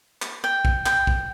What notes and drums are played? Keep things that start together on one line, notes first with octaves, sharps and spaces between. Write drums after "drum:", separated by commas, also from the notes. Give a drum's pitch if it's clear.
drum: clap
G5
drum: kick A#1
G5, drum: clap
drum: kick A#1